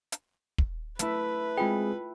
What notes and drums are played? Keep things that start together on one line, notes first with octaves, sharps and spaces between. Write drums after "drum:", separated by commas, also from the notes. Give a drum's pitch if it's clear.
drum: hi-hat
drum: kick
A3 E4 B4, drum: hi-hat
G#3 C4 F4 G#4 G5